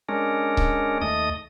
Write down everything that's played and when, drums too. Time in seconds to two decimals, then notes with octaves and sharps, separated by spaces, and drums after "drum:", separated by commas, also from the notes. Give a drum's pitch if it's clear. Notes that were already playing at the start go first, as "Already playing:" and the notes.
0.09 G#3 C#4 D4 A#4
0.57 drum: kick C#1
1.02 D#2 A3 D#5 D#6